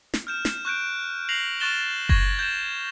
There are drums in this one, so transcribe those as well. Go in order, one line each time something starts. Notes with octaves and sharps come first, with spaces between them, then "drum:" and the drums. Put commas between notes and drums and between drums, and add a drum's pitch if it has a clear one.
drum: snare
F6 G6 E7
drum: snare
C#6 F#6 G6 D7
A#6 C7 F7 F#7
C#6 F6 F#6 A6 E7 G7
C#6 G#6 A#6, drum: kick F#1
G6 E7